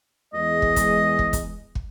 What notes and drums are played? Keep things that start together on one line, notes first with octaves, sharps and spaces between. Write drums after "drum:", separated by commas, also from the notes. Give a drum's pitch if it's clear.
E2 G#3 D#5
drum: kick
drum: kick, hi-hat
drum: kick
drum: kick, hi-hat
drum: kick